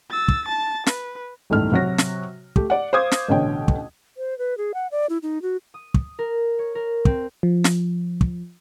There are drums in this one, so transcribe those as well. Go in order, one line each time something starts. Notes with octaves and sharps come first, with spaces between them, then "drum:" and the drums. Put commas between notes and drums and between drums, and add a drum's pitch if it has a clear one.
E6 A6
drum: kick
A5 A6
B4, drum: snare
G1 C#2 A2 D#3 A3 F6
C3 F#3 F#4 C#5 A#6
drum: snare
A3 G4, drum: kick
D5 F#5
C5 F5 D6 D#6 G#6
drum: snare
A1 B2 D3 C#5 G5
drum: kick
C5
B4
G#4
F#5
D5
E4
D#4
F#4
D#6
drum: kick
A#4
C#5
A#4
C4, drum: kick
F3
drum: snare
drum: kick